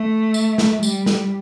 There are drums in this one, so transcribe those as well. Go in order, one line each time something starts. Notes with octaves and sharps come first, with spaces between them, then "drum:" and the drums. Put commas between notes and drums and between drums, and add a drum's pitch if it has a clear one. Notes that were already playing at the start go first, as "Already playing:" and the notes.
Already playing: A3
drum: tambourine
drum: snare
G3, drum: tambourine
drum: snare